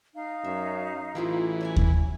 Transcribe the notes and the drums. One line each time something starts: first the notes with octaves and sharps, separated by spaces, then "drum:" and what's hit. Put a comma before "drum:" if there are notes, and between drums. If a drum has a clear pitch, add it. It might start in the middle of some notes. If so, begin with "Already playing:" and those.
D#4 F5
F#2 E5
A1 E3 F#3 F4 G4
F#3 C#4 G#5
drum: kick D#2